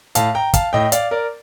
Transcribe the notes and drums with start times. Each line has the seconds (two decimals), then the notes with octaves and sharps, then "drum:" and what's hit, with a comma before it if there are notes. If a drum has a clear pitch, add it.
0.15 A2 F5 A5, drum: hi-hat
0.35 G5 A#5
0.54 F5 A5, drum: kick, hi-hat
0.73 A2 D#5 G5
0.92 D5 F5, drum: hi-hat
1.11 A#4 D5